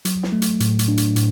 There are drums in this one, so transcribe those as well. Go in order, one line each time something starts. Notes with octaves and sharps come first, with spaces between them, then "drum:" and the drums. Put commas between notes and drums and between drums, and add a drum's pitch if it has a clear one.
F#3, drum: hi-hat
drum: snare
A3
drum: hi-hat
A2, drum: hi-hat
drum: hi-hat
D4
drum: hi-hat
A2, drum: hi-hat